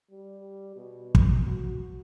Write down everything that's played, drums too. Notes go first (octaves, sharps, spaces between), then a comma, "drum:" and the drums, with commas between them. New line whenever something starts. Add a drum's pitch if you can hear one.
G3
B2
drum: kick
F#4